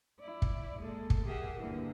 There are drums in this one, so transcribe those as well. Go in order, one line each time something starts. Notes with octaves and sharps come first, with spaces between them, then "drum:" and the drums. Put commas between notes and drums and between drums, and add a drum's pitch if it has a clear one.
E4 D5
drum: kick
G#3 A#3 A4
drum: kick
G4 G#4 A#4 E5 F#5
G2 D3 E3 A#3